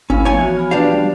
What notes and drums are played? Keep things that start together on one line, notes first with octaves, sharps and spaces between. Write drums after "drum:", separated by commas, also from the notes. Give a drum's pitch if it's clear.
C#4 E4 F5 B5, drum: kick G#1
F3 B3 C#5 G#5
E3 F#4
B3 B5 F6
D4 F4 G4 B4 D5 F5
drum: tom